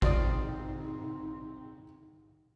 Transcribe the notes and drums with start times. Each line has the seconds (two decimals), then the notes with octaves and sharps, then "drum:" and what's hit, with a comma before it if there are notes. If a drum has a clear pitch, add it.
0.02 F3 C4 D#4 D5 D#6, drum: kick A1